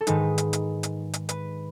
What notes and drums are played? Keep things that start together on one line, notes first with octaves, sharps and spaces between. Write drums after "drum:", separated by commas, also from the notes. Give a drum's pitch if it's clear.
A4
G#2 D#3 G#3 D#4 B4, drum: hi-hat
drum: hi-hat
drum: hi-hat
drum: hi-hat
drum: hi-hat
B4, drum: hi-hat